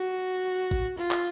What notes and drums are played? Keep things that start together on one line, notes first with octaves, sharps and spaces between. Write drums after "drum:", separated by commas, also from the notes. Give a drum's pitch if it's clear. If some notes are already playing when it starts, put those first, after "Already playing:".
Already playing: F#4
drum: kick A1
F4
drum: clap